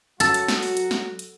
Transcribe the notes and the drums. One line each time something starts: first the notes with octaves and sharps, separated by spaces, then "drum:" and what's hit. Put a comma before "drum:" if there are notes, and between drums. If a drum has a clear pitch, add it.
F#3 F#4 A4, drum: hi-hat
drum: hi-hat
drum: snare
drum: open hi-hat
drum: hi-hat
drum: snare
drum: hi-hat